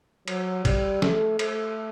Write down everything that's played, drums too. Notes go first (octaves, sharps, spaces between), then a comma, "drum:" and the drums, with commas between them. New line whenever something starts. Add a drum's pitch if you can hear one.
F#3, drum: cymbal
G3, drum: kick, cymbal
A3, drum: snare
A3, drum: cymbal